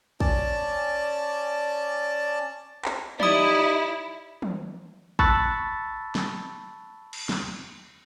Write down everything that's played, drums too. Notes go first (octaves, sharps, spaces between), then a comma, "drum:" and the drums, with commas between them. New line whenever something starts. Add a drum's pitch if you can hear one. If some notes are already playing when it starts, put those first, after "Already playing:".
C#4 D5 A5, drum: kick
drum: clap
D#4 E4 G4 D5 D#6, drum: tom
drum: tom
A5 B5 C#6 E6 F#6 A6, drum: kick
drum: snare
drum: cymbal
drum: snare